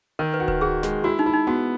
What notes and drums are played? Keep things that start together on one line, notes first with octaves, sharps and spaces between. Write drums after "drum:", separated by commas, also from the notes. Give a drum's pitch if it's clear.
D#3 A#4
B4
F#4
B4, drum: kick D1
F#4 G#4
G#3, drum: snare
E4 F#4
D#4
E4
D#4
B3 F#4